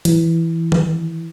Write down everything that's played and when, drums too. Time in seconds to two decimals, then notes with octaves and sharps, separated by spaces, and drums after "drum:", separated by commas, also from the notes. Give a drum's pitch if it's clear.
0.05 E3, drum: hi-hat
0.72 drum: tom D#3